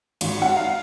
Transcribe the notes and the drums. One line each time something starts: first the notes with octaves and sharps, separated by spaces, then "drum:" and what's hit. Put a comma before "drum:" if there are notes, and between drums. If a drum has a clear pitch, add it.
G#1, drum: cymbal
F#5
F5